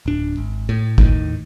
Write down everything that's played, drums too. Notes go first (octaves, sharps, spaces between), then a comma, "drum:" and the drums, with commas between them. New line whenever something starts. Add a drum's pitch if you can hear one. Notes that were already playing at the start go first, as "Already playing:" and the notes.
D1 D4
G#1
A2
D#2 A2 D#3, drum: kick